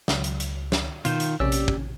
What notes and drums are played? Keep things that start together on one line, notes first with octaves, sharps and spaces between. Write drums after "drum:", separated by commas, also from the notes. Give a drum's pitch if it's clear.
C#2 F#3, drum: snare
drum: hi-hat
drum: hi-hat
drum: snare
B2 D#3 F4 G6 E7, drum: hi-hat
drum: hi-hat
A#1 C3 C#4 G4 D5 E6
drum: hi-hat
drum: kick